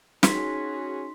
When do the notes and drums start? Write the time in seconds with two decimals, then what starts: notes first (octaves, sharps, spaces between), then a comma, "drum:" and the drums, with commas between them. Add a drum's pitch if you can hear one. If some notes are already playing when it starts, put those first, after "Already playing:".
0.23 C#4 D#4 F#4 G#4 C6 B6, drum: snare